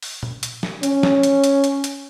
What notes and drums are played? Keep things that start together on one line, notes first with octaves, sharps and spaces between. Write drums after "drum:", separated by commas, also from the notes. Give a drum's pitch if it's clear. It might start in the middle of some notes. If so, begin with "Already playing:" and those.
drum: open hi-hat
drum: tom A#2
drum: hi-hat
drum: snare
C#4, drum: hi-hat
drum: snare
drum: hi-hat
drum: hi-hat
drum: hi-hat
drum: hi-hat